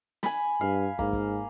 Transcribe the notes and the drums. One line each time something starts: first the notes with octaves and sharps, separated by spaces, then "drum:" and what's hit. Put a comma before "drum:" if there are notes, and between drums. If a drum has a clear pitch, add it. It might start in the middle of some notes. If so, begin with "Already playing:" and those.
G#5 B5, drum: snare
G2 F5
G#2 A#3, drum: kick
drum: kick